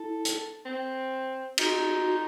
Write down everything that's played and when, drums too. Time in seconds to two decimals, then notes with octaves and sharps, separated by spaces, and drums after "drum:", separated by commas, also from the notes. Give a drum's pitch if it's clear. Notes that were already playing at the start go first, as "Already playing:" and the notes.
Already playing: E4 A4
0.25 drum: hi-hat
0.65 C4
1.58 D#4 F#4, drum: cymbal